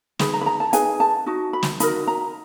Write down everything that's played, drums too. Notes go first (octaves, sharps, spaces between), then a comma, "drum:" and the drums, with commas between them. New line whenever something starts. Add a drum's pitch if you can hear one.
D#4 G#4 B4 B5, drum: snare
A#5
B5
A#5
A5
D#4 G#4 B4 G#5, drum: hi-hat
A5
D#4 F#4
B5
drum: snare
D#4 F#4 A#4 B5, drum: hi-hat
A#5